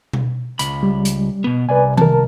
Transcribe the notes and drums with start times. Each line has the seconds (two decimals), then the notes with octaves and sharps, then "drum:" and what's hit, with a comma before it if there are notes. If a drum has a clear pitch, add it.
0.13 drum: tom B2
0.59 C#2 B5, drum: hi-hat
0.83 G3
1.05 drum: hi-hat
1.44 B2 B3
1.69 C2 B4 D5 G#5
1.97 A#4 A5, drum: tom D#3